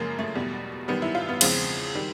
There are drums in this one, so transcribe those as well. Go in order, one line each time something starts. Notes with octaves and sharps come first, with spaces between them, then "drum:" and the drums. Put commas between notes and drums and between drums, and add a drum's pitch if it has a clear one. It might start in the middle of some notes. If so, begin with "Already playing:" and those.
Already playing: F#2 C#3 F3 G#3 A#3
A3
E2 B2 G3
F#2 D#3 G3 B3
E4
F4
B3
E2 C#3 F3 G#3 C4, drum: cymbal
D#3 G3